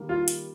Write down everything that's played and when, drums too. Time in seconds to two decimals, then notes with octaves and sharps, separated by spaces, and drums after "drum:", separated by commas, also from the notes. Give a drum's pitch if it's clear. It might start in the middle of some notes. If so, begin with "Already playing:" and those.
Already playing: D#3 G3 A#3
0.09 F4
0.28 drum: hi-hat